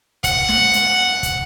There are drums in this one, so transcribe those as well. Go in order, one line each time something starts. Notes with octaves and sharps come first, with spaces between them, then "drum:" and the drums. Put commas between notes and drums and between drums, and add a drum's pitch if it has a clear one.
F#5, drum: kick, hi-hat
drum: snare
drum: hi-hat
drum: kick, hi-hat